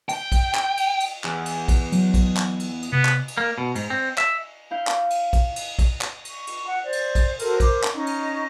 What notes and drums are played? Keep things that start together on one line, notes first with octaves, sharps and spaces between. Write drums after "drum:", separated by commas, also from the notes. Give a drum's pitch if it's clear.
G5, drum: cymbal
drum: kick, cymbal
drum: clap
drum: cymbal
drum: cymbal
E2, drum: clap
drum: cymbal
drum: kick, cymbal
F#3, drum: cymbal
drum: kick, cymbal
drum: clap
drum: cymbal
drum: cymbal
C3 B3
drum: clap
drum: cymbal
A#3
B2
G#2, drum: cymbal
C4
E5, drum: clap
E4 F5 G6
drum: clap
drum: cymbal
drum: kick, cymbal
drum: cymbal
drum: kick, cymbal
drum: clap
C#6, drum: cymbal
drum: cymbal
F#5
C5 D5
drum: cymbal
drum: kick, cymbal
F#4 A4 A#4 C5, drum: cymbal
A#4 C5 D6, drum: kick, cymbal
drum: clap
C#4 D#4 D#5
drum: cymbal